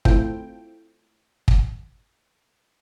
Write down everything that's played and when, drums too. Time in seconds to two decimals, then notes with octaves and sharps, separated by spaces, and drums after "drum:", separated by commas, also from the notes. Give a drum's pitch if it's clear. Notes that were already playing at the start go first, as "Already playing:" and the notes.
0.05 A3 C4 E4 F4 A4 G5, drum: kick
1.48 drum: kick